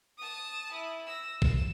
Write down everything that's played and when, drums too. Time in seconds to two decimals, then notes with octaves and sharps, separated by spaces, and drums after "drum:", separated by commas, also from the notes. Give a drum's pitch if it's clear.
0.18 A5 D#6
0.73 E4
1.06 E6 A#6
1.42 E7, drum: kick A1